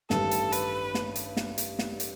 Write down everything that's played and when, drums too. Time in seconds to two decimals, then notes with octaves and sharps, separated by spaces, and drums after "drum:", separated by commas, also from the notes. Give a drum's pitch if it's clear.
0.10 A1 G2 D#3 G3 A4, drum: snare
0.31 drum: hi-hat
0.52 B4, drum: hi-hat
0.94 drum: snare
1.16 drum: hi-hat
1.37 drum: snare
1.58 drum: hi-hat
1.79 drum: snare
2.00 drum: hi-hat